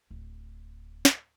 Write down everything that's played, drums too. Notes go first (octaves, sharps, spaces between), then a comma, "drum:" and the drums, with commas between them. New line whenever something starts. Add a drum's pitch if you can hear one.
D1
drum: snare